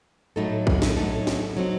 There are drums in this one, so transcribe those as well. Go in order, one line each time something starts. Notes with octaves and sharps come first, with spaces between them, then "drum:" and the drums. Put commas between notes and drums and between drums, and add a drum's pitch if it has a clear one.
A2 F#3 A3 D#4 A4
drum: kick
drum: snare
A2 F#3 A3 D#4 A4
drum: snare
F#3 C4 D#4